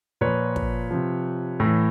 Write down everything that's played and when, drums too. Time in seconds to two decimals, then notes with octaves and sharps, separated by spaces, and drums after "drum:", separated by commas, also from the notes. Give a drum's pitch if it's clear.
0.21 A#2 F3 B4 C#5
0.56 drum: kick
0.91 C3 F3
1.60 A2 E3